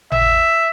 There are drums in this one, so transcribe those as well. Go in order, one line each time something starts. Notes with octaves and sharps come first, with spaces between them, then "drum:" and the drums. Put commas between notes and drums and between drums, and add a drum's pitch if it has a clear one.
E5, drum: tom G#1